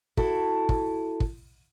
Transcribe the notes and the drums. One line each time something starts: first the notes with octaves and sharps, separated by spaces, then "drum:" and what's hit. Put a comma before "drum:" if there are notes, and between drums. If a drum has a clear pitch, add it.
E4 F#4 A4, drum: kick
drum: kick
drum: kick